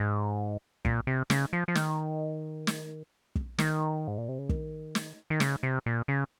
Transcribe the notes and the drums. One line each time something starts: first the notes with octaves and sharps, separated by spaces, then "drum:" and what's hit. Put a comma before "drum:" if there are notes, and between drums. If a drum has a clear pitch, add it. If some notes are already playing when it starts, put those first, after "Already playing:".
Already playing: G#2
A#2, drum: kick
C3
C#3, drum: snare
F3
F3
D#3, drum: snare
drum: snare
drum: kick
D#3, drum: snare
G#2
A#2
C3
C#3
D#3, drum: kick
drum: snare
D#3
C#3, drum: snare
C3
A#2
C#3